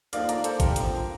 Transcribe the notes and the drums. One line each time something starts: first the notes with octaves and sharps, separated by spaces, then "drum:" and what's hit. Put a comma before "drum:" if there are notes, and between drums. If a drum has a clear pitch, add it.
D#2 D3 F3 A#3 D#4 D5 F5, drum: hi-hat
A#4 D5, drum: hi-hat
A4 C5, drum: hi-hat
G4 A#4, drum: kick A1, hi-hat
D3 F3 C4, drum: hi-hat